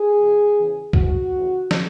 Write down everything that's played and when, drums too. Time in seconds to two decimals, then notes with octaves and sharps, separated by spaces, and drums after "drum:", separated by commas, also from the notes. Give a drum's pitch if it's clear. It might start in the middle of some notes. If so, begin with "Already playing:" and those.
Already playing: G#4
0.17 E2 B2
0.56 E2 C#3 E3
0.93 G#2 E3 F#4, drum: kick
1.33 D2 C#3 E3
1.71 drum: snare